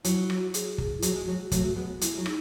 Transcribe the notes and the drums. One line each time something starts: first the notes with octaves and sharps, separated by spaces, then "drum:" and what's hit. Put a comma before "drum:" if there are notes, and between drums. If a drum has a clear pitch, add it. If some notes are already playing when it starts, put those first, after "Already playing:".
F#3 E4, drum: hi-hat
F#4, drum: rim click
G#4, drum: hi-hat
drum: kick
E4
F#3 F#4, drum: hi-hat
G#3
F#3
F#3 A3, drum: kick, hi-hat
G#3 B3
G#3 E4, drum: hi-hat
F#3
D#4, drum: rim click